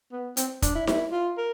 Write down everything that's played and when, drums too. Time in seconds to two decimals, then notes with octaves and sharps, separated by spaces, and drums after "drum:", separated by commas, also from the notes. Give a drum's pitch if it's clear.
0.12 B3
0.37 C4, drum: hi-hat
0.62 D4, drum: kick, hi-hat
0.75 E4
0.87 E4, drum: snare D#4
1.12 F4
1.37 A#4